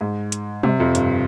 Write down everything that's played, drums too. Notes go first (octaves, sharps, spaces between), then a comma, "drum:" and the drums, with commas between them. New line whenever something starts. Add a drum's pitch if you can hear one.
G#2
drum: hi-hat
C3, drum: tom
F2
G2, drum: hi-hat